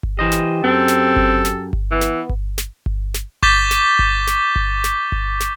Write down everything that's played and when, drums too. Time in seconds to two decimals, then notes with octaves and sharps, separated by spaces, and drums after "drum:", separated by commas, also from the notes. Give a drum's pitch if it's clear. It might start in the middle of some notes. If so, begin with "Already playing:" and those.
0.03 drum: kick G1
0.19 E3 G4 C5 D#5
0.32 drum: snare
0.64 F#2 C4 A4
0.88 drum: snare
1.16 drum: kick G1
1.45 drum: snare
1.73 drum: kick G1
1.91 E3 B3
2.01 drum: snare
2.29 drum: kick G1
2.58 drum: snare
2.86 drum: kick G1
3.14 drum: snare
3.43 C#6 D6 G6 A6 B6 G7, drum: kick G1
3.71 drum: snare
3.99 drum: kick G1
4.27 drum: snare
4.56 drum: kick G1
4.84 drum: snare
5.12 drum: kick G1
5.40 drum: snare